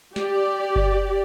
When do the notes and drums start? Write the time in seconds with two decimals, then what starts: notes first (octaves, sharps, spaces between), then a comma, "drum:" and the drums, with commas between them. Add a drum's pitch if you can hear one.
0.16 G4 D5, drum: snare
0.76 drum: kick F#1